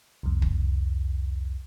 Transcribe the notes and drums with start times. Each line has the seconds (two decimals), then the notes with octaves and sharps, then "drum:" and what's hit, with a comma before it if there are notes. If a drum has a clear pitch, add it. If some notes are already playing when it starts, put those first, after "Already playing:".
0.23 C2 F2
0.42 drum: kick